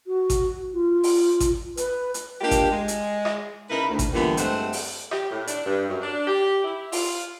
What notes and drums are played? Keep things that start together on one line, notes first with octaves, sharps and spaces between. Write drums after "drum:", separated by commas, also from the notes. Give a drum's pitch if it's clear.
F#4
drum: kick G#1, hi-hat
F4
drum: open hi-hat
drum: kick G#1, hi-hat
B4, drum: hi-hat
drum: hi-hat
G#3 A#3 D4 F4 G4
drum: kick G#1, hi-hat
G#3
drum: hi-hat
drum: rim click
C#3 D#4 E4 A#4 B4
D2
drum: kick G#1, hi-hat
E2 A#2 D3 E3 G3 B3
G2 G#3 A3 C4 C5 F#5, drum: hi-hat
drum: open hi-hat
G4, drum: rim click
A2
D4, drum: hi-hat
G2
F#2
D4
G4
E4
F4, drum: open hi-hat